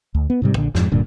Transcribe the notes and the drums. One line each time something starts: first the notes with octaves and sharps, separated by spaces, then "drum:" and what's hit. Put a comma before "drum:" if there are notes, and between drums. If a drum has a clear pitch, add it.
D2
B3
G#2 C3 G3
A#1 D3, drum: kick A#1
F2 G#2, drum: snare
D1 G2 A#2 D3